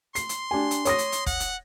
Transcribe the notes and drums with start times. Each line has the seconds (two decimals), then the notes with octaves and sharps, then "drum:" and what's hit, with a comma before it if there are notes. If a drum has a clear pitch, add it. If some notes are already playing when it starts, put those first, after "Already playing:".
0.15 C6 C7, drum: hi-hat
0.29 drum: hi-hat
0.51 D4 G4 G#5
0.71 drum: hi-hat
0.85 C#5 D#6 A#6, drum: hi-hat
0.98 drum: hi-hat
1.12 drum: hi-hat
1.26 F#5, drum: kick, hi-hat
1.40 drum: hi-hat